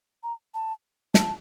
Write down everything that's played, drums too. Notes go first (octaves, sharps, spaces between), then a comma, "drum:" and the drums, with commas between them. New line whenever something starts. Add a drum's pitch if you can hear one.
A#5
A5
A5, drum: snare